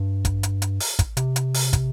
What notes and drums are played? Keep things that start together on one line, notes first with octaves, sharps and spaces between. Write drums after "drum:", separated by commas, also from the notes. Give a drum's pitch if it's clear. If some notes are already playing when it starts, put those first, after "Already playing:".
Already playing: G2
drum: kick, hi-hat
drum: hi-hat
drum: hi-hat
drum: open hi-hat
drum: kick, hi-hat
C3, drum: hi-hat
drum: hi-hat
drum: open hi-hat
drum: kick, hi-hat